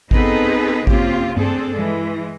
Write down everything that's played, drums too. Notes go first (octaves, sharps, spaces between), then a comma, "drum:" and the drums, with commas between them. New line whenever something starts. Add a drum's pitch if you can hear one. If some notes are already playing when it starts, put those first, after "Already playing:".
B3 C4 D#4 G#4 A4 B4, drum: kick G#1
C#3 A#3 C4 C#4 F4 G4, drum: kick G#1
C4 D4 G#4 A4, drum: tom G2
E3 G#3, drum: tom G#3